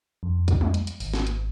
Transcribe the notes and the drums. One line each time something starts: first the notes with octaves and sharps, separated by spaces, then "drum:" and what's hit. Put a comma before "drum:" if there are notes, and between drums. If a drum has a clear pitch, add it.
F2
drum: kick C2, hi-hat
drum: tom G3
drum: hi-hat
drum: hi-hat
G#1, drum: open hi-hat
drum: snare
drum: hi-hat